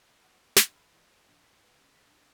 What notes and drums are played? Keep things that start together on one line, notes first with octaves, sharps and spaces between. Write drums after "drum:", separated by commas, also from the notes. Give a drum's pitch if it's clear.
F#5
D7
D4, drum: snare
B5
E3
C5
A#1
B6
B4
C#3
B6
D3